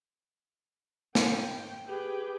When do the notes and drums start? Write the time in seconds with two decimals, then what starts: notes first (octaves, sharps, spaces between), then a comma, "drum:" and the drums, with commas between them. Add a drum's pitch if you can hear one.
1.15 G5, drum: snare
1.87 G4 G#4 B4 G5